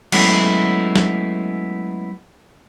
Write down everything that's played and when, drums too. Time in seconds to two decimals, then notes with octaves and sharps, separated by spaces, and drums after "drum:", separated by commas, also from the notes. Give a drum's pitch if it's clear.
0.12 F#3 G#3 A3 B3 C#4 E4, drum: cymbal
0.96 drum: snare